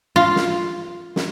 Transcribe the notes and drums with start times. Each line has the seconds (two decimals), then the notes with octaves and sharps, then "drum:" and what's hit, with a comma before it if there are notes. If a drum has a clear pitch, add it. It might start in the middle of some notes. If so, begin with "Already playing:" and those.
0.16 F4
0.36 drum: snare
1.16 drum: snare